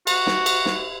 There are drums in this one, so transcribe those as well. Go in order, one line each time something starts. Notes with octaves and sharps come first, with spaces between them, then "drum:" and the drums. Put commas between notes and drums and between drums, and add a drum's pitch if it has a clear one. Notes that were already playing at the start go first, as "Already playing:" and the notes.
F#4, drum: cymbal
drum: snare
drum: cymbal
drum: snare